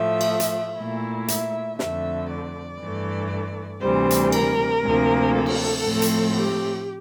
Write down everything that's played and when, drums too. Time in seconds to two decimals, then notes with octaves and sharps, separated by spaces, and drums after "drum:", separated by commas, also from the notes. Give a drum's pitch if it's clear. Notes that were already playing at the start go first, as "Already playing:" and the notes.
Already playing: A2 F3 A3 E5
0.21 drum: cymbal
0.40 drum: hi-hat
0.78 A#2 A3 E4
1.28 E5, drum: hi-hat
1.79 F2 D3 A3 E5, drum: snare
2.30 D5
2.80 G2 E3 A3
3.81 D2 C3 E3 G3 C5
4.10 drum: hi-hat
4.32 A#4, drum: cymbal
4.83 D2 C3 F3 A#3
5.34 A4
5.46 drum: cymbal
5.85 A2 F3 A3 C4
6.02 drum: hi-hat
6.35 G4